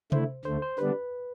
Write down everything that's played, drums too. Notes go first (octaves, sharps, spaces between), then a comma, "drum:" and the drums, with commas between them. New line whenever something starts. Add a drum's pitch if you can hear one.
D3 A3 E4 C5, drum: tom C3
D2 D3 A3 C5
C5
D3 G3 B3 D4 B4